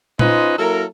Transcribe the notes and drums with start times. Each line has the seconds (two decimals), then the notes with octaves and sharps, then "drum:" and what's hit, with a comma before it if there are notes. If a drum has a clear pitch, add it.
0.19 C#4 D#4 F4 B4 C5 D#5, drum: tom A#2
0.58 F#3 A#3 E4 A4 A#4